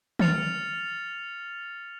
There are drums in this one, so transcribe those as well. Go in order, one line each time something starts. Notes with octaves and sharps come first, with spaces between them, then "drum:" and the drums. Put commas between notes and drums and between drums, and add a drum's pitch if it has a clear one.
F6 A6 C#7 F7, drum: tom